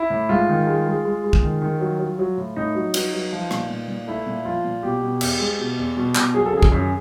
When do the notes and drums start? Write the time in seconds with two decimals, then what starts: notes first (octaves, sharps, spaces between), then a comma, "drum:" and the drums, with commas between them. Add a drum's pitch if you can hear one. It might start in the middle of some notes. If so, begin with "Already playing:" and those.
Already playing: E4
0.10 A2
0.29 G#2 F4
0.49 D#3
0.67 G#3
0.87 G#3
1.05 G#3
1.24 G#3
1.33 drum: kick
1.42 D#3
1.61 D#3
1.80 F#3
2.00 F#3
2.19 F#3
2.38 A2
2.56 A2 D#4
2.75 F#3
2.94 F#3 D#4, drum: cymbal
3.13 F#3
3.32 F3
3.51 A#2, drum: rim click
3.70 A#2
3.88 A#2
4.08 A3 E4
4.26 A#2
4.45 F3 F4
4.64 A#2
4.83 B2 G4
5.02 B2
5.21 E2, drum: cymbal
5.40 G#3
5.59 B2
5.78 E2
5.97 B2
6.15 B2, drum: clap
6.34 F#3 G#4
6.46 A4
6.53 C#3 G#4
6.63 drum: kick
6.72 F#2